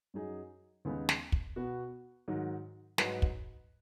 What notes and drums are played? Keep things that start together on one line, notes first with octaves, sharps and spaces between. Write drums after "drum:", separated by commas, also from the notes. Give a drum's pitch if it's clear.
F#2 F#3 D#4 G#4
D#2 C#3 G#3 B3 D#4
drum: snare
drum: kick
B2 B3 F#4
G#2 D#3 F#3
G#2 F#3 D#4 B4, drum: snare
drum: kick